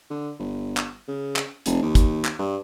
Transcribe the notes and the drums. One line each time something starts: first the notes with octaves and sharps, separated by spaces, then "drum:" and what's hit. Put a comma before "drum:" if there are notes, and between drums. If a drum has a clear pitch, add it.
D3
G1
drum: clap
C#3
drum: clap
F1, drum: hi-hat
D#2
drum: kick, hi-hat
drum: clap
G2